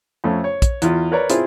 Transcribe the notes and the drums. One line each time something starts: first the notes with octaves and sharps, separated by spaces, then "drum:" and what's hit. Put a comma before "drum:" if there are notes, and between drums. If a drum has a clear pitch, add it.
F2 A3 C#4
C#5
drum: kick, hi-hat
E2 F4, drum: hi-hat
A#4 B4 C#5 D5 A#5
C4 E4 F4 G#4, drum: hi-hat